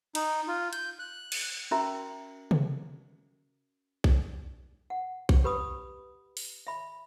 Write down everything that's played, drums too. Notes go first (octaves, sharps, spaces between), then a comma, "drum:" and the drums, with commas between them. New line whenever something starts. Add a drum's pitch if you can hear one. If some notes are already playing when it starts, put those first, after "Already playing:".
D#4, drum: cymbal
F4
G6, drum: hi-hat
F#6
drum: cymbal
C#4 F#4 A#4 E5 A#5
drum: tom C3
drum: kick B1
F#5
drum: kick B1
G4 B4 B5 D#6
drum: open hi-hat
E5 B5